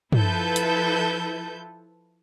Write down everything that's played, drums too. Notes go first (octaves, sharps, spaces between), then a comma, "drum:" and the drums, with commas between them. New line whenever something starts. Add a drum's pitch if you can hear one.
F3 E4 A4 B4 G6, drum: tom
drum: hi-hat